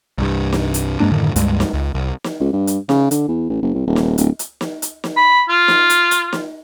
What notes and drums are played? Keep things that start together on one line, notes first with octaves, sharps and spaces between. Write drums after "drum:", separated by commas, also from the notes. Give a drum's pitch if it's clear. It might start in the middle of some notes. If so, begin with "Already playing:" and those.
C2 G2
drum: snare
drum: hi-hat
G2 G#3 A#3 D4
F#2 A2 D3 D#3
C#2 G2 G#3, drum: hi-hat
drum: snare
C#2
C2
drum: snare
C#2
G2
drum: hi-hat
C#3, drum: snare
D3, drum: hi-hat
E2
A1
F#1
C2
D#1
drum: snare
D1, drum: hi-hat
drum: hi-hat
drum: snare
drum: hi-hat
drum: snare
B5
F4
drum: snare
drum: hi-hat
drum: hi-hat
drum: snare